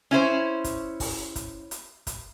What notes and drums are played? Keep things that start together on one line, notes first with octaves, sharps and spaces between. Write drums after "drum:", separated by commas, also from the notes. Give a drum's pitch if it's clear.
C#4 E4 C5 C#5
drum: kick, hi-hat
drum: kick, open hi-hat
drum: kick, hi-hat
drum: hi-hat
drum: kick, hi-hat